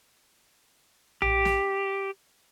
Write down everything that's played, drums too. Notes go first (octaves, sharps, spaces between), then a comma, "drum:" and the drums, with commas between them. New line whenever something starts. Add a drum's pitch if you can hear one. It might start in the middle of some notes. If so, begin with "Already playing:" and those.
G4, drum: tom A#1
drum: snare